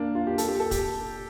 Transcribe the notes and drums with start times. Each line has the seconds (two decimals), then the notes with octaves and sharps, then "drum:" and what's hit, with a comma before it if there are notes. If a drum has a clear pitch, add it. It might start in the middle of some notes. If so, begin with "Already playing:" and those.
Already playing: A#3 D4
0.15 F4
0.27 G4
0.38 A4, drum: hi-hat
0.48 G4
0.60 A4
0.71 G4, drum: kick, hi-hat